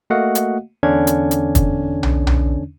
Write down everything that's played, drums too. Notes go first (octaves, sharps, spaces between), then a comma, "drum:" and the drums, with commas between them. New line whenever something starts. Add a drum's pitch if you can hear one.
A3 A#3 F#4 D#5 F5 F#5
drum: hi-hat
E2 D3 C#4 D4 G#6
drum: hi-hat
drum: hi-hat
drum: kick, hi-hat
drum: tom B1
drum: tom B1